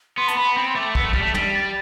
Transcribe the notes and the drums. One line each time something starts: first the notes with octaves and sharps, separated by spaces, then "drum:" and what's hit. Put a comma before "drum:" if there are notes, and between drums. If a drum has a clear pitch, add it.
B3 C6
A5, drum: hi-hat
B3 B5
C4 B5
C6
A3 D6
B3 E6, drum: kick
A3
G3 B6, drum: kick
A3
G3 B6, drum: tom
A6